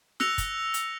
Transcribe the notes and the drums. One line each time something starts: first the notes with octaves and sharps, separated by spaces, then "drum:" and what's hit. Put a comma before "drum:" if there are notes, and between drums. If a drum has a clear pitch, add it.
E6 F#6 A#6 C#7 F7, drum: snare
drum: kick, hi-hat
drum: hi-hat